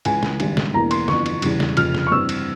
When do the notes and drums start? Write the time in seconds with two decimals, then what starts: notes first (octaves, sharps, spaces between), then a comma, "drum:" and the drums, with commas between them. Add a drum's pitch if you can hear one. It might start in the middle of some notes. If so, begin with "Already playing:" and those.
0.05 C#2 C#3 E3 G#5, drum: cymbal
0.23 drum: snare
0.40 G#1 G2 G3, drum: cymbal
0.57 drum: snare
0.74 E1 E2 E3 A#3 A#5
0.91 C6, drum: cymbal
1.08 G1 F2 E3 C#6, drum: snare
1.26 drum: cymbal
1.42 E1 E2 C#3 G3, drum: cymbal
1.60 drum: snare
1.77 F1 F2 C#3 F3 F6, drum: cymbal
1.94 drum: snare
2.07 C#6
2.11 G2 E3 G3 C4 E6
2.29 drum: cymbal